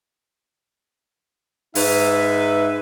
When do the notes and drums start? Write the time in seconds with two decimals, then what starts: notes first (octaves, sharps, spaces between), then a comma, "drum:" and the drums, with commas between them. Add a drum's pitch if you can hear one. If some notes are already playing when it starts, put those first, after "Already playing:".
1.75 G#2 D#4 B4 E5, drum: open hi-hat